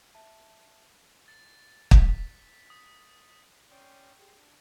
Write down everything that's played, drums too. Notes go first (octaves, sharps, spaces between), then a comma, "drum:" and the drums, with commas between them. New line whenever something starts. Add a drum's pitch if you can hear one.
E5 A5
A6
B6, drum: kick
D#6
C#4 D5 G5 C6 C#6 D#6
G4 G#4 C6
D4